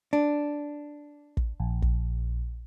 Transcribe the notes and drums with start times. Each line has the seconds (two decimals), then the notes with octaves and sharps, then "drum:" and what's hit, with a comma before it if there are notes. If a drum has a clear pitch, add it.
0.13 D4
1.37 drum: kick
1.60 A#1
1.82 drum: kick